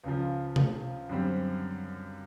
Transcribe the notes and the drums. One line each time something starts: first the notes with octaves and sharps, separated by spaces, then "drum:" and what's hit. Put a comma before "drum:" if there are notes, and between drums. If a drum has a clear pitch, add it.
C#2 C#3 F3
drum: tom C3
F#2 D3 G3 C4